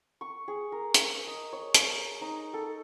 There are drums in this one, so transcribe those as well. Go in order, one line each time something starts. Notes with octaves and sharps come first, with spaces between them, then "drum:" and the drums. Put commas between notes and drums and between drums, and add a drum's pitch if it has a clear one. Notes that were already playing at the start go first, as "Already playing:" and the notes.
C#6
G#4
A#4
drum: hi-hat
D#5
C#5
drum: hi-hat
D#4
A4